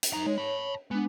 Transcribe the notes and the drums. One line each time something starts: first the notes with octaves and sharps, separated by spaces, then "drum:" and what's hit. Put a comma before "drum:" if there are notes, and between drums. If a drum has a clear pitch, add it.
drum: hi-hat
F#2 D#4 A#5
G#3 C#5
A5 B5
G#3 B3 D4